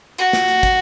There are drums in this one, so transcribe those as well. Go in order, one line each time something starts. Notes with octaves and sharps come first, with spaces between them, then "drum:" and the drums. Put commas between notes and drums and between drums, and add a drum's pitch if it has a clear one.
F#4, drum: hi-hat
drum: snare
drum: hi-hat
drum: kick, hi-hat